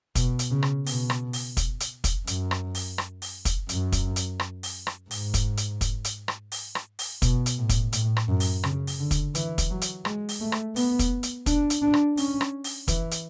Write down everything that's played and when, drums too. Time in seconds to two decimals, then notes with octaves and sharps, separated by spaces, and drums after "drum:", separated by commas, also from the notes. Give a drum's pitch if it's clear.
0.15 B2, drum: kick, hi-hat
0.39 drum: hi-hat
0.51 C#3
0.63 drum: rim click
0.86 B2, drum: open hi-hat
1.10 drum: rim click
1.33 drum: open hi-hat
1.57 drum: kick, hi-hat
1.80 drum: hi-hat
2.04 drum: kick, hi-hat
2.27 F#2, drum: hi-hat
2.51 drum: rim click
2.75 drum: open hi-hat
2.98 drum: rim click
3.22 drum: open hi-hat
3.45 drum: kick, hi-hat
3.69 F#2, drum: hi-hat
3.92 drum: kick, hi-hat
4.16 drum: hi-hat
4.40 drum: rim click
4.63 drum: open hi-hat
4.87 drum: rim click
5.11 G#2, drum: open hi-hat
5.34 drum: kick, hi-hat
5.57 drum: hi-hat
5.81 drum: kick, hi-hat
6.04 drum: hi-hat
6.28 drum: rim click
6.52 drum: open hi-hat
6.75 drum: rim click
6.99 drum: open hi-hat
7.22 B2, drum: kick, hi-hat
7.46 drum: hi-hat
7.58 A2
7.69 drum: kick, hi-hat
7.93 A2, drum: hi-hat
8.17 drum: rim click
8.28 F#2
8.40 drum: open hi-hat
8.64 C#3, drum: rim click
8.87 drum: open hi-hat
8.99 D3
9.11 drum: kick, hi-hat
9.35 E3, drum: hi-hat
9.58 drum: kick, hi-hat
9.70 F#3
9.81 drum: hi-hat
10.05 G#3, drum: rim click
10.29 drum: open hi-hat
10.40 A3
10.52 drum: rim click
10.76 B3, drum: open hi-hat
10.99 drum: kick, hi-hat
11.23 drum: hi-hat
11.46 D4, drum: kick, hi-hat
11.70 drum: hi-hat
11.82 D4
11.94 drum: rim click
12.17 C#4, drum: open hi-hat
12.41 drum: rim click
12.64 drum: open hi-hat
12.88 E3, drum: kick, hi-hat
13.11 drum: hi-hat